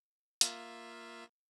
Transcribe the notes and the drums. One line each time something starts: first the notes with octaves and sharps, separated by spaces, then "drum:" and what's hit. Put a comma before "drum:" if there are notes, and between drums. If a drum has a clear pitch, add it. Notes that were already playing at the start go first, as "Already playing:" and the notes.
A#3 F4 E5, drum: hi-hat